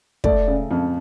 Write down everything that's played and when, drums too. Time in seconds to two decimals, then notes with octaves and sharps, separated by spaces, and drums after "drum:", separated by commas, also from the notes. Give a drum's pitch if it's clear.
0.24 A3 D5, drum: kick
0.48 C#3
0.71 F2